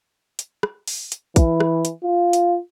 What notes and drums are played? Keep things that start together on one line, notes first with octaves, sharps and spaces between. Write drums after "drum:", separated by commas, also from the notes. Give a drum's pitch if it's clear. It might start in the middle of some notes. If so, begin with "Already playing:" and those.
drum: hi-hat
drum: rim click
drum: open hi-hat
drum: hi-hat
E3, drum: kick, hi-hat
drum: rim click
drum: hi-hat
F4
drum: hi-hat